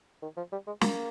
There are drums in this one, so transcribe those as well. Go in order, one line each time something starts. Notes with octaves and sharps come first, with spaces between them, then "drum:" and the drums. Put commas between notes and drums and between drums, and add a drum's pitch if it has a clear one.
D#3
F3
G3
G#3
A#3, drum: snare